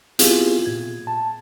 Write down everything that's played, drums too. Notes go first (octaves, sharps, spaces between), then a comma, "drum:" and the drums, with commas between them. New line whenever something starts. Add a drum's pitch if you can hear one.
B3 C4 E4 F4 G4 G#4, drum: hi-hat
A#2 G#6
A5